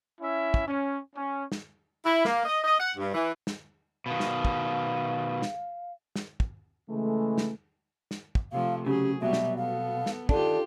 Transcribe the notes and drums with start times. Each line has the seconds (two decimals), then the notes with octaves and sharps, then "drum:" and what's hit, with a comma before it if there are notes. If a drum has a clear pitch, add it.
0.21 C#4 E4 E5
0.54 drum: kick
0.67 C#4
1.16 C#4
1.52 drum: snare
2.05 E4
2.25 A#3, drum: snare
2.45 D#5
2.64 D#5
2.79 F#5
2.97 G2
3.14 E3
3.47 drum: snare
4.06 B2 D#3 F5
4.20 drum: snare
4.45 drum: kick
5.42 drum: snare
6.16 drum: snare
6.40 drum: kick
6.89 C#3 E3 G#3 A3
7.38 drum: snare
8.11 drum: snare
8.35 drum: kick
8.52 C3 F3 A3 F5
8.86 C#3 F#3 G4 G#4
9.22 B2 F#3 G3 B3 E5
9.33 drum: snare
9.57 B3 A4 F5
10.06 drum: snare
10.29 D#3 D4 F4 G4 A4, drum: kick